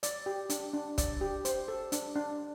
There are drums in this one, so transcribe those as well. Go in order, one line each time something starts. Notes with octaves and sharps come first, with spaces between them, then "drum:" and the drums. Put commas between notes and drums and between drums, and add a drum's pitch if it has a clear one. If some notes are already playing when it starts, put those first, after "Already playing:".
D5, drum: hi-hat
G4
D4, drum: hi-hat
D4
D5, drum: kick, hi-hat
G4
C5, drum: hi-hat
A4
D4, drum: hi-hat
D4